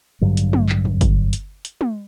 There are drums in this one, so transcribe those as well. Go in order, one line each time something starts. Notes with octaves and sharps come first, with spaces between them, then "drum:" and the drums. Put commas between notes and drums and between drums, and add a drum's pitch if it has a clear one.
A1 G2 D3 F#3
drum: hi-hat
drum: tom
drum: clap
drum: tom
drum: kick, hi-hat
drum: hi-hat
drum: hi-hat
drum: tom